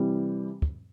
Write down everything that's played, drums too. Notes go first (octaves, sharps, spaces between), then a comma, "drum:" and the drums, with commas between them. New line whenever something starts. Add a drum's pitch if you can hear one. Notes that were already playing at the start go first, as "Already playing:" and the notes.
Already playing: C3 E3 G3
drum: kick